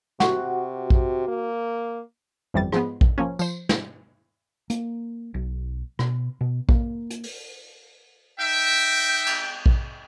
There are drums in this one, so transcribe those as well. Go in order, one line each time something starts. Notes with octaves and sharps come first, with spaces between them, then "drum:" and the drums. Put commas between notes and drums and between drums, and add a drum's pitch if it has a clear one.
C3 F#4, drum: snare
drum: kick A#1
A#3
G1 F2 E3 G3 A6
G#2 F3 G#3 B3, drum: rim click
drum: kick A#1
F3 A#3 C#4
F3 C5, drum: tambourine
drum: snare
A#3, drum: hi-hat
B1
B2, drum: rim click
B2
A#3, drum: kick A#1
drum: hi-hat
drum: open hi-hat
D#4 E5 G5
drum: cymbal
drum: kick A#1